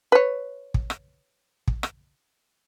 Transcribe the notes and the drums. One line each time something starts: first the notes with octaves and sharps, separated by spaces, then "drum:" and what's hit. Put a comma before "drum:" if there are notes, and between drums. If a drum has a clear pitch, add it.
B4 C#5
drum: kick
drum: rim click
drum: kick
drum: rim click